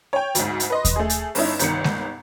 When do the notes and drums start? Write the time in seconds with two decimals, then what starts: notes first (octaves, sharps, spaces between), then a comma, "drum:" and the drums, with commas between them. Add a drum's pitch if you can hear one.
0.13 C#5 G5
0.35 D2 G#2, drum: hi-hat
0.60 drum: hi-hat
0.70 B4 D#5 C6
0.85 drum: kick D#2, hi-hat
0.96 A3 G#4
1.10 drum: hi-hat
1.35 G1 G2 C#4 D#4 E4, drum: open hi-hat
1.59 G1 C2 D#3 C#7, drum: hi-hat
1.84 drum: snare G#3